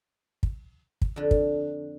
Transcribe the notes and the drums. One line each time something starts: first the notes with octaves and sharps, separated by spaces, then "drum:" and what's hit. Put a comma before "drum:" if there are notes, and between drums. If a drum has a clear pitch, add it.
drum: kick
drum: kick
F2 D3
drum: kick